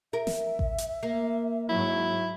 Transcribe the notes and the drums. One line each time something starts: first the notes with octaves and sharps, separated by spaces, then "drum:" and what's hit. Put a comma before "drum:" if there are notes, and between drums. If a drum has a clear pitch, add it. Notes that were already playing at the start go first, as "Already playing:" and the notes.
A#4 E5
drum: snare
drum: kick A1
drum: hi-hat
A#3
G#2 F#3 E4